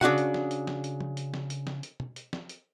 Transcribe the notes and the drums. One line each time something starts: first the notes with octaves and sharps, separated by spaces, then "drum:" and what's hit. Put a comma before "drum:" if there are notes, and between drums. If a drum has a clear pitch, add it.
C#3 D4 F#4 F#5, drum: tom
drum: hi-hat
drum: snare
drum: hi-hat
drum: snare
drum: hi-hat
drum: tom
drum: hi-hat
drum: snare
drum: hi-hat
drum: snare
drum: hi-hat
drum: tom
drum: hi-hat
drum: snare
drum: hi-hat